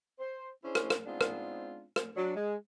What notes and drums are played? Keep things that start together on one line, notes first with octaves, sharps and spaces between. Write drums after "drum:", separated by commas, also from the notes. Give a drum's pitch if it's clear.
C5
C#4 D4 E4 G#4 C5
drum: rim click
drum: rim click
G#3 B3 C4 D4 D#4 F4
drum: rim click
drum: rim click
F#3 D4
G#3